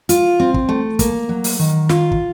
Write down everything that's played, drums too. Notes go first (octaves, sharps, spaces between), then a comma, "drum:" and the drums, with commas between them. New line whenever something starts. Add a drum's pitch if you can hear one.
F4, drum: hi-hat
C4
drum: kick
A3
A#3, drum: kick, hi-hat
F#3
drum: open hi-hat
D#3
F4, drum: snare
drum: kick